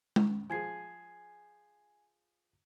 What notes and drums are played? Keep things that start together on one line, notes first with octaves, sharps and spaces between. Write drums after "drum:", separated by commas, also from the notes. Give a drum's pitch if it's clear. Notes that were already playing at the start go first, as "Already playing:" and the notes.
drum: tom G#3
F3 G#4 G#5 G#6 C7